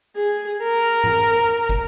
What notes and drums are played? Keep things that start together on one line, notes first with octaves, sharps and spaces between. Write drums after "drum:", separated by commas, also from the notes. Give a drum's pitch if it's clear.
G#4
A#4
drum: tom G2
drum: kick